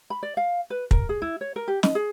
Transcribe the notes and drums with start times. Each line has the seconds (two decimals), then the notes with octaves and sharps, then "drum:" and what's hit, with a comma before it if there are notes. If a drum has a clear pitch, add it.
0.10 B5
0.23 D5
0.37 F5
0.70 B4
0.91 A#4, drum: kick
1.09 G#4
1.22 E4
1.41 C#5
1.56 A#4
1.68 G4
1.83 D#5, drum: snare
1.95 G#4